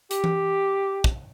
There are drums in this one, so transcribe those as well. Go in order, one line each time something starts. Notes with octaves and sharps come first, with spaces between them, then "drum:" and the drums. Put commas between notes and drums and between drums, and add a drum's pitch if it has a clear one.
G4, drum: hi-hat
drum: tom E3
drum: kick